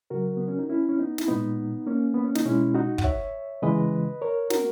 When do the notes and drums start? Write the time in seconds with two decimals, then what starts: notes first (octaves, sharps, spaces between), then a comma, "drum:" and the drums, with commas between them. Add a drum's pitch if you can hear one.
0.10 C#3 F#3 F#4 A#4
0.37 B3
0.48 C#4
0.59 D#4
0.69 C#4 E4
0.89 C#4
0.99 B3 D#4
1.18 E4, drum: snare
1.28 A#2 G#3 B3 D#4
1.87 A#3 C#4
2.14 B3
2.24 C#4
2.35 D#4, drum: snare
2.45 B2 G#3 C#4 E4
2.75 D#4 F#4
2.98 F#5, drum: kick
3.04 C#5 E5
3.62 C#3 E3 G#3 B4 D#5
4.22 A#4 C#5
4.50 F#4 A#4, drum: snare